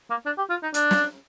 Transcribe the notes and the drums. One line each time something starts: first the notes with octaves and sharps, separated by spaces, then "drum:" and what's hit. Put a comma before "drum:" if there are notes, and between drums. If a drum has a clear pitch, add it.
A#3
D4
G4
F4
D#4
D4, drum: hi-hat
drum: snare